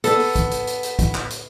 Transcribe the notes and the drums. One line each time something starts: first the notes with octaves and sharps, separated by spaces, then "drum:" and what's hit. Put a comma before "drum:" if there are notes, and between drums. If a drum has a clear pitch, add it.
B3 A4, drum: hi-hat
drum: open hi-hat
drum: kick, hi-hat
drum: hi-hat
drum: hi-hat
drum: hi-hat
drum: kick, hi-hat
drum: clap
drum: hi-hat